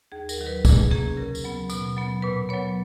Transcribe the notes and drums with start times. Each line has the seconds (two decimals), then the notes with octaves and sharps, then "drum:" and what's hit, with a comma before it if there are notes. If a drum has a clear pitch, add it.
0.12 D#2 G#4
0.29 A#4, drum: tambourine
0.38 D#3 F#3
0.46 B4
0.65 A#2 G#4, drum: kick, tambourine
0.91 A#3 C#4 G#4
1.17 C#3 A#4
1.35 drum: tambourine
1.44 F#3 B3
1.70 B2, drum: tambourine
1.96 F#3 B3
2.22 A#2 B4
2.49 F#3 B3 C#5